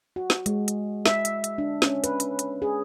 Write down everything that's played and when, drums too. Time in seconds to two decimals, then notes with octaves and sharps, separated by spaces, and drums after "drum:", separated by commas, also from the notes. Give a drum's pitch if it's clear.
0.16 F#4
0.30 drum: snare
0.46 G#3, drum: hi-hat
0.68 drum: hi-hat
1.06 E5, drum: snare
1.25 drum: hi-hat
1.44 drum: hi-hat
1.58 D4
1.82 C#4, drum: snare
2.04 B4, drum: hi-hat
2.20 drum: hi-hat
2.39 drum: hi-hat
2.62 G#4